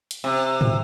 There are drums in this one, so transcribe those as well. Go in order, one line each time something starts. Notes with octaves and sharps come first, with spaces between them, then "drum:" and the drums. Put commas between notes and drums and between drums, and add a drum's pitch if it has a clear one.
drum: hi-hat
C3
drum: tom